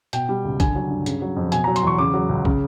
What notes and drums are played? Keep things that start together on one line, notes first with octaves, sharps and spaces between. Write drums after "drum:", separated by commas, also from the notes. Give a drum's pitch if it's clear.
B2 G5, drum: hi-hat
G3
C#2
D3 G#5, drum: kick, hi-hat
F#3
G2
C#3, drum: hi-hat
F#3
F2
B2 G#5, drum: hi-hat
A#5
F#3
C6, drum: hi-hat
E2 C#6
C#3 D6
F#3
C#2
C#3, drum: kick